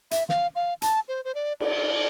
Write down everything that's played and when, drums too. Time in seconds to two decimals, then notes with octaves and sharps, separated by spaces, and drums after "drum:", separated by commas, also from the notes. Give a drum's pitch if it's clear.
0.11 E5, drum: hi-hat
0.29 F5, drum: snare
0.56 F5
0.82 A5, drum: hi-hat
1.08 C5
1.25 C5
1.35 D5
1.60 D5, drum: cymbal